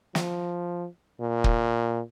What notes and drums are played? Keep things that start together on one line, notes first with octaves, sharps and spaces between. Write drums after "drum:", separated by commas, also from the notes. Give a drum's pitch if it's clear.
F3, drum: snare
A#2
drum: kick